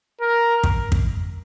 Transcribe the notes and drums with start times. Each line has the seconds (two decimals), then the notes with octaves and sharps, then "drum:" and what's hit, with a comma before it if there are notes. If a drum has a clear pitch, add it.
0.21 A#4
0.64 drum: kick
0.92 drum: kick